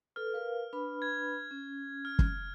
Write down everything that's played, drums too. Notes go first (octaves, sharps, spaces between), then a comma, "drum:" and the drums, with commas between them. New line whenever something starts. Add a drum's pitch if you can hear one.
A4 B4 F6
A#4 B4 F5
D4 B4 B5
G#6
C#4
F6
drum: kick